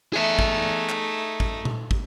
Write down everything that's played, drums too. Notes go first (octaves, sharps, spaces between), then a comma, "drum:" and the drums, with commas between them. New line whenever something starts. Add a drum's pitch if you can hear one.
A3 D#4 G#4 E5
drum: kick
drum: clap
drum: kick
drum: tom A#2
drum: kick